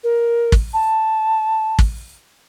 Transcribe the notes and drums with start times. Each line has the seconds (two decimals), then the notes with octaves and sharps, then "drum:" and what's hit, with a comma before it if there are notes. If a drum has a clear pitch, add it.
0.03 A#4
0.52 drum: kick
0.73 A5
1.79 drum: kick